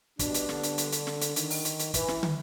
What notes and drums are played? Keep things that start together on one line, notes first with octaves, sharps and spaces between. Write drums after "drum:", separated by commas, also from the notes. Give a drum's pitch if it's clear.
B2 G3 B3 D4, drum: kick, hi-hat
drum: hi-hat
D3, drum: snare
drum: hi-hat
drum: hi-hat
drum: hi-hat
drum: snare
drum: hi-hat
D#3, drum: hi-hat
drum: open hi-hat
drum: hi-hat
drum: hi-hat
E3, drum: kick, hi-hat
drum: snare
drum: tom